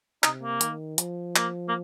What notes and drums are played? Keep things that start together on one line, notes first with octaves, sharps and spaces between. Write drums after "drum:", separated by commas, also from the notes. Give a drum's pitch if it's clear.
C3 D#4, drum: clap
A#3
D#3, drum: hi-hat
F3, drum: hi-hat
A#3, drum: clap
A#3